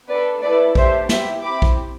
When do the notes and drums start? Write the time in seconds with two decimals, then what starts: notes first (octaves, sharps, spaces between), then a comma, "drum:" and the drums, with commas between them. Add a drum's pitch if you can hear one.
0.08 B3 D4 A4 B4 D5
0.41 A3 E4 A4 B4 D5
0.75 A3 D4 G4 C5 E5, drum: kick A#1
1.09 B3 E4 G4 E5 G5, drum: snare
1.43 C4 E4 G4 B5 D6
1.62 drum: kick A#1